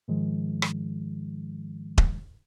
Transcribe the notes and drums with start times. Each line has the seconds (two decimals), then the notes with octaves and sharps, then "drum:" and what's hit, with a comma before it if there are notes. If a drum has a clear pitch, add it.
0.08 G#2 D#3 F3 G#3
0.62 drum: rim click
1.98 drum: kick D#1